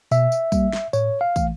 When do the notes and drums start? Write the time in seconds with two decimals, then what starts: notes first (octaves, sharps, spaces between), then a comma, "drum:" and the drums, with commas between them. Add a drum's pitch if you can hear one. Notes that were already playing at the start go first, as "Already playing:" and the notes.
0.11 B2 E5, drum: tambourine
0.32 drum: tambourine
0.52 G3 A#3, drum: kick, tambourine
0.73 drum: snare
0.93 A2 C#5, drum: tambourine
1.21 F5
1.36 E3 A3, drum: kick, tambourine